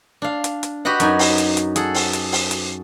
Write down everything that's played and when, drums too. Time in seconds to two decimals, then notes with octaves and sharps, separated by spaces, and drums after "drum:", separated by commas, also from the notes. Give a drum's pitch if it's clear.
0.22 D4 F5
0.44 drum: hi-hat
0.63 drum: hi-hat
0.85 F#4 G4 B4 D#5 F#5
1.00 F#2 D#4 G#5, drum: hi-hat
1.19 drum: open hi-hat
1.38 drum: hi-hat
1.57 drum: hi-hat
1.76 G#4 A4 F#5, drum: hi-hat
1.94 drum: open hi-hat
2.13 drum: hi-hat
2.32 drum: open hi-hat
2.51 drum: hi-hat